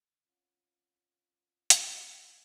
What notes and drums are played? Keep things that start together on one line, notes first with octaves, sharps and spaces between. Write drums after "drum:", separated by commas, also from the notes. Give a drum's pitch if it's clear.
C4 C#4 F4 C#5 F5 F#5
drum: hi-hat